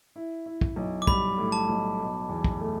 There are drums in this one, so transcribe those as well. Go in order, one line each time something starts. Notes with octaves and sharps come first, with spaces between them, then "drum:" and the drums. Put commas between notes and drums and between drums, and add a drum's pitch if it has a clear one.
E4
E4
drum: kick
B1
D6
G3 B5, drum: kick
A2
A5
B1
B2
E2
drum: kick
A3